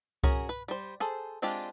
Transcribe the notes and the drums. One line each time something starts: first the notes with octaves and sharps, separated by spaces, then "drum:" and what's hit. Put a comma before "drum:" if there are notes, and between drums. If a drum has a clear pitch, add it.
C#4 F#4 G#4 A#4, drum: kick C2
B4
G3 C5
G#4 A4 C5
G#3 C4 D4 F4 G4